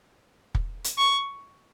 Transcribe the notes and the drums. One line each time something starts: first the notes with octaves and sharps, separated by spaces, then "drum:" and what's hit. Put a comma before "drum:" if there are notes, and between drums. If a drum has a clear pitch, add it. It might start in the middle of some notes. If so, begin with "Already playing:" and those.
drum: kick
drum: hi-hat
C#6